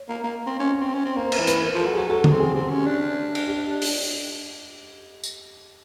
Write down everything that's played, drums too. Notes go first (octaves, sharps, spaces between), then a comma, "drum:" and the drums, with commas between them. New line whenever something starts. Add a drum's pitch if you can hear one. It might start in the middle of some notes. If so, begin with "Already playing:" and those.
Already playing: C#5
A#3
A#3
C4
C#4
C4
C#4
C4
A#3 C5
B4, drum: cymbal
E3
B4, drum: hi-hat
A#4
F3 A4
F#3
G#4
F#3
F#3 A4
A4, drum: tom
C4
G#4
C4 G4
C#4
D4
drum: cymbal
G4
drum: open hi-hat
drum: tambourine